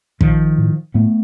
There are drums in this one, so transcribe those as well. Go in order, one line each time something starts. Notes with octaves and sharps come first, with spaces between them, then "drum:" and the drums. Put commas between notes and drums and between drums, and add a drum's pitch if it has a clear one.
A#2 D#3 F3, drum: kick
A2
A2 A3 B3